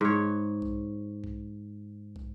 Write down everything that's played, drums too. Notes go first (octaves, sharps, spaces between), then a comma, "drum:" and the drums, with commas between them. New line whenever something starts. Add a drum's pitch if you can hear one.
G#2 C#5
drum: kick
drum: kick
drum: kick